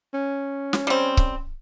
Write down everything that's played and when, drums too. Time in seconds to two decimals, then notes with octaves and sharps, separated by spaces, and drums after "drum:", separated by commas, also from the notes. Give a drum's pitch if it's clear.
0.14 C#4
0.73 drum: snare
0.87 G3 C4
1.17 drum: kick C#1